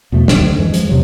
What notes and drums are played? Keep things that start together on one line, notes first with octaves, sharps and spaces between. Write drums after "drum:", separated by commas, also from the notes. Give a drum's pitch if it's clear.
E2 B2 F3 A3
D1 A#1 D#3 F3, drum: snare
D2
F#2 E3 G#3
F3, drum: hi-hat
E2 C3 F#3